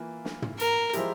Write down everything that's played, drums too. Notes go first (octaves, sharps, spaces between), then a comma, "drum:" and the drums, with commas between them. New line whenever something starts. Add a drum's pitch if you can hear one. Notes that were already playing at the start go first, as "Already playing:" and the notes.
Already playing: E3 A#3 F4
drum: snare
drum: tom
A#4, drum: hi-hat
F3 G#3 E4 G4, drum: hi-hat